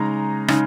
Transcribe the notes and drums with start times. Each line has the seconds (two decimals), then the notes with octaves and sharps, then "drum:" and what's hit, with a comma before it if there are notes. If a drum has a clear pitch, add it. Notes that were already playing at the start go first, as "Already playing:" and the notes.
Already playing: C#3 G#3 D#4 A#5
0.48 C#3 G#3 D#4, drum: rim click